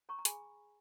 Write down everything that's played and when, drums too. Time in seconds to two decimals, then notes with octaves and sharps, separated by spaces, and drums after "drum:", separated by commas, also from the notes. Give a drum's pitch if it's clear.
0.09 C#5 A#5 C#6
0.19 A#5
0.25 G#4 G#5 B5, drum: hi-hat